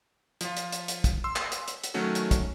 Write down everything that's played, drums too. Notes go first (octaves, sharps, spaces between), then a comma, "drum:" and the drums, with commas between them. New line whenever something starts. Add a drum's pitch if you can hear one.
F3 F4, drum: hi-hat
drum: hi-hat
drum: hi-hat
drum: hi-hat
drum: kick, hi-hat
C6 E6
drum: clap
drum: hi-hat
drum: hi-hat
drum: hi-hat
D#3 F#3 A3 C#4 F#4
drum: hi-hat
drum: kick, hi-hat